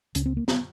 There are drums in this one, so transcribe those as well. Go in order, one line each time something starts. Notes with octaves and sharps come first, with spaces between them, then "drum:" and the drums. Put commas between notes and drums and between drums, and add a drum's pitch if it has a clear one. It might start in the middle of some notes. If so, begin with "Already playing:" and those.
C#2 C#3 C#4, drum: hi-hat
C4
A#3
B3, drum: snare